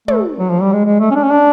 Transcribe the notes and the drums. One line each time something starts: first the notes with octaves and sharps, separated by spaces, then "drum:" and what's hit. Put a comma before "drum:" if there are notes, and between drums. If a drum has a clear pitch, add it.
A3, drum: tom
F#3
F3
G3
G#3
G#3
A3
C#4
D4
C#4
D4